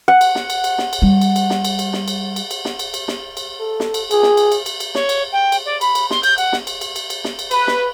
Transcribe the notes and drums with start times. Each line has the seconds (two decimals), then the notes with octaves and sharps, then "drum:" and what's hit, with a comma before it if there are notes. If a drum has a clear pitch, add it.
0.08 F#5
0.21 drum: cymbal
0.35 drum: snare
0.50 drum: cymbal
0.64 drum: cymbal
0.78 drum: snare
0.93 drum: cymbal
1.02 G3
1.21 drum: cymbal
1.36 drum: cymbal
1.50 drum: snare
1.65 drum: cymbal
1.79 drum: cymbal
1.93 drum: snare
2.08 drum: cymbal
2.36 drum: cymbal
2.51 drum: cymbal
2.65 drum: snare
2.79 drum: cymbal
2.94 drum: cymbal
3.08 drum: snare
3.37 drum: cymbal
3.60 A4
3.80 drum: snare
3.94 drum: cymbal
4.11 G#4, drum: cymbal
4.23 drum: snare
4.37 drum: cymbal
4.52 drum: cymbal
4.66 drum: cymbal
4.80 drum: cymbal
4.95 C#5, drum: snare
5.09 drum: cymbal
5.32 G5
5.52 drum: cymbal
5.66 D5
5.81 B5, drum: cymbal
5.95 drum: cymbal
6.10 C6, drum: snare
6.23 G6, drum: cymbal
6.38 F#5, drum: cymbal
6.53 drum: snare
6.67 drum: cymbal
6.81 drum: cymbal
6.96 drum: cymbal
7.10 drum: cymbal
7.24 drum: snare
7.39 drum: cymbal
7.51 B4, drum: cymbal
7.67 drum: snare